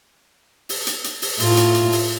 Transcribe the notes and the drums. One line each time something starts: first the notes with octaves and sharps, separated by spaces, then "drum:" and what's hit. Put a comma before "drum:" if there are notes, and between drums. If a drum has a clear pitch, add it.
drum: open hi-hat
drum: hi-hat
drum: hi-hat
drum: open hi-hat
A2 F4, drum: open hi-hat
drum: hi-hat
drum: hi-hat
drum: open hi-hat